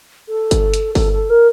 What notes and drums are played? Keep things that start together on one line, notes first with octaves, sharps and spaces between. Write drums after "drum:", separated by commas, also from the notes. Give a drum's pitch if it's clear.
A4
drum: kick G1, hi-hat
drum: hi-hat
A4, drum: kick G1, open hi-hat
A4
A#4